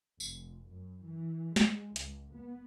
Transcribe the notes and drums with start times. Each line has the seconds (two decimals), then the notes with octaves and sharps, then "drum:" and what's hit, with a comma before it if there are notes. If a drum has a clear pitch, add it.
0.20 F1, drum: tambourine
0.69 F#2
1.04 E3
1.56 G#3, drum: snare
1.96 C#2, drum: hi-hat
2.34 B3